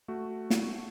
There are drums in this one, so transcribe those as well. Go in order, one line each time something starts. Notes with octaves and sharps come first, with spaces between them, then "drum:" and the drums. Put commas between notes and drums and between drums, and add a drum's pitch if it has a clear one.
A3 F#4
drum: snare